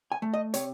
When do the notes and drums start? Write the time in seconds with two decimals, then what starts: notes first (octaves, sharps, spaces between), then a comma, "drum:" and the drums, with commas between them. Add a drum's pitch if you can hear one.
0.12 G#5
0.22 A3
0.34 D#5
0.54 C3 C#5, drum: hi-hat